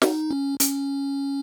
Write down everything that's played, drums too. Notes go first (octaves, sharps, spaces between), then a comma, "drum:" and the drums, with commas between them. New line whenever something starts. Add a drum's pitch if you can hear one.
D#4, drum: snare
C#4
C#4, drum: hi-hat